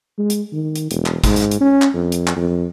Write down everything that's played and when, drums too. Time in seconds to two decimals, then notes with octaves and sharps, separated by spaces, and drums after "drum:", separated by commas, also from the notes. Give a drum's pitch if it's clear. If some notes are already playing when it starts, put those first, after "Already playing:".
0.19 G#3
0.30 drum: hi-hat
0.53 D#3
0.76 drum: hi-hat
0.91 E1, drum: hi-hat
1.06 drum: clap
1.24 G#2, drum: kick, hi-hat
1.36 drum: hi-hat
1.51 drum: hi-hat
1.61 C#4
1.82 drum: clap
1.94 F2
2.12 drum: hi-hat
2.27 drum: clap
2.36 F2